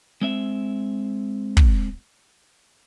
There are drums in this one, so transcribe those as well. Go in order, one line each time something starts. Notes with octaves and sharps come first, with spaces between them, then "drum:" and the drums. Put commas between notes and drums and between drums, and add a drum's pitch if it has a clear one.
G#3 C4 E5
drum: kick